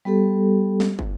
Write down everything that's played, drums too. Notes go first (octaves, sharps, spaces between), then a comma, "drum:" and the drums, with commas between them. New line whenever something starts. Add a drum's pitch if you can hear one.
G3 B3 G4 A4
drum: snare
drum: kick